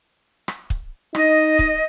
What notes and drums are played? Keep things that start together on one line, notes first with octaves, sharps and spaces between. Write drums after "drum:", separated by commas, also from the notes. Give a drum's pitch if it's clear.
drum: rim click
drum: kick
D#4 D#5, drum: rim click
drum: kick